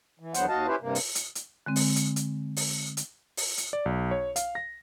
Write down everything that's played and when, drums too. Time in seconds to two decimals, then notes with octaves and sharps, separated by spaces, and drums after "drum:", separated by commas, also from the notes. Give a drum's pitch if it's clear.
0.20 E3
0.34 E2 D3 F#3 B3 C5 F#5, drum: hi-hat
0.48 D#2 F#4 D#5 F5 A5
0.67 C#4 E4 G4 B4 C5
0.81 G2 C3 A#3
0.95 drum: open hi-hat
1.15 drum: hi-hat
1.35 drum: hi-hat
1.66 D3 G#3 C4
1.76 drum: open hi-hat
1.96 drum: hi-hat
2.16 drum: hi-hat
2.56 drum: open hi-hat
2.97 drum: hi-hat
3.37 drum: open hi-hat
3.57 drum: hi-hat
3.73 D5
3.86 B1
4.11 C#5
4.36 F5, drum: hi-hat
4.55 A#6